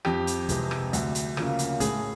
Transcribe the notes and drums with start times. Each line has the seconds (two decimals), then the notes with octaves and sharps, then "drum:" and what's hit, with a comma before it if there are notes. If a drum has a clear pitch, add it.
0.05 F2 G4, drum: rim click
0.27 drum: hi-hat
0.49 C3 E3 G#3, drum: kick, hi-hat
0.71 drum: rim click
0.93 D2, drum: hi-hat
1.15 drum: hi-hat
1.37 C#3 F3 A#3 C#4, drum: rim click
1.59 drum: hi-hat
1.80 A2 G#4, drum: kick, hi-hat